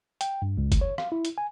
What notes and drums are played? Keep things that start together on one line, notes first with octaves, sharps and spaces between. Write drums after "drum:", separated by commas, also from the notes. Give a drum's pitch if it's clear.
G5, drum: hi-hat
G2
C#2
drum: kick F#1, hi-hat
C#5
F5, drum: rim click
E4
drum: hi-hat
G#5